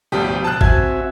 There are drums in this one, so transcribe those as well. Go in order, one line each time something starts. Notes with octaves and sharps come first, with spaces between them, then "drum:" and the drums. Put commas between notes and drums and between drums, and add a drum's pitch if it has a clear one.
G#1 D2 B2 F3 G4 D#6
A5 F#6
C4 F#4 E5 G#5 G#6, drum: kick